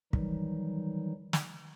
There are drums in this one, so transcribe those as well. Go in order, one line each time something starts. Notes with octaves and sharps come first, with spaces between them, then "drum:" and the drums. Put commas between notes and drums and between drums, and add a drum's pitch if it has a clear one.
D#3 E3 F#3 G3 D#4, drum: kick
drum: snare